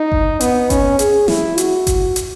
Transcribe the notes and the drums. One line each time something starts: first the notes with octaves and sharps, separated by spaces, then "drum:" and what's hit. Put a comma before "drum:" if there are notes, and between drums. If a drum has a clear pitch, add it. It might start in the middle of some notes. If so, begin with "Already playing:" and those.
Already playing: D#4
drum: kick G1
B3, drum: hi-hat
C#4, drum: kick G1, hi-hat
G#4, drum: hi-hat
E4, drum: snare
F#4, drum: hi-hat
drum: kick G1, hi-hat
drum: hi-hat